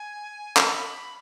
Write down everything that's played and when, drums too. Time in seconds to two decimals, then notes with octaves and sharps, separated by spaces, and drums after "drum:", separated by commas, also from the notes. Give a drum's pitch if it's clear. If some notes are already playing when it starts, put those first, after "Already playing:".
Already playing: G#5
0.57 B5, drum: clap